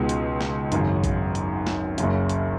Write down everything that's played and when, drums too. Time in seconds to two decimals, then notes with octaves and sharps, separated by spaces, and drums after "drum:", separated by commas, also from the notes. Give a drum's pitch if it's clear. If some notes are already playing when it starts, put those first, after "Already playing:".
Already playing: C#2 B2 G#3 D#4
0.09 drum: hi-hat
0.41 drum: snare
0.72 G#1 F#2 C#3, drum: hi-hat
1.04 drum: kick A1, hi-hat
1.35 drum: hi-hat
1.67 drum: snare
1.98 F#1 F#2 C#3, drum: hi-hat
2.29 drum: hi-hat